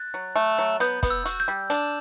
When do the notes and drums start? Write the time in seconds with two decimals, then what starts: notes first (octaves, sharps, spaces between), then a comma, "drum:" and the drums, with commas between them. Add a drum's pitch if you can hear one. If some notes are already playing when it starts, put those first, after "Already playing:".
Already playing: F#6 A6
0.14 F#3
0.36 A3
0.58 F#3
0.80 B3 G6, drum: hi-hat
1.03 B3, drum: kick, hi-hat
1.10 E6
1.26 F#4, drum: hi-hat
1.40 G6
1.48 G3
1.70 D4, drum: hi-hat